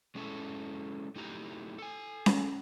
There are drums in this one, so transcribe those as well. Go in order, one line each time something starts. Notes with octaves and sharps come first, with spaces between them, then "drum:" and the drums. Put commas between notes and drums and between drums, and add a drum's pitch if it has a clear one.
G#3 C#4 E4 A4
A3 D#4 E4 G4 A#5
A4 G#5
drum: snare C#4